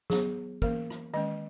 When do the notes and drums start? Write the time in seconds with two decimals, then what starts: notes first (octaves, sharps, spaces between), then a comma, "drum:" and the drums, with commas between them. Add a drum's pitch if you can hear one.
0.10 F#3 B3 G#4, drum: snare
0.62 E3 A#3 C#4 A#4, drum: kick
0.90 drum: rim click
1.14 D#3 G#3 C#4 D#5